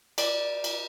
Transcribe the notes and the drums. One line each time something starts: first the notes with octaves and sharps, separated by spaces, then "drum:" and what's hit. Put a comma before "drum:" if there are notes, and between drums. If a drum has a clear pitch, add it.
D5, drum: cymbal
drum: cymbal